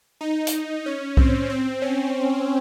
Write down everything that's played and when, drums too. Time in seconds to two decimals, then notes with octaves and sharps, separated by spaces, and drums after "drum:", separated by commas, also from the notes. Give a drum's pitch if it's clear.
0.21 D#4
0.47 drum: hi-hat
0.86 C#4
1.17 C4, drum: kick B1
1.50 C4
1.82 C#4